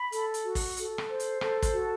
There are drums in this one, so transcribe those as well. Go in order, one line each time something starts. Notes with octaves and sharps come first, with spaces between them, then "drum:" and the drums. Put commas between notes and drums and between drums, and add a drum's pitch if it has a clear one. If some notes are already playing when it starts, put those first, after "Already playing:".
Already playing: B5
A4, drum: hi-hat
drum: hi-hat
F#4
drum: kick, open hi-hat
A4, drum: hi-hat
drum: rim click
C5
drum: hi-hat
A4, drum: rim click
drum: kick, hi-hat
F#4